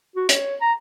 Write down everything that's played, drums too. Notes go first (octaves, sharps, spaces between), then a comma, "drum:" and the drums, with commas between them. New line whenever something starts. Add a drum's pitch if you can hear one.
F#4
C#5, drum: hi-hat
A#5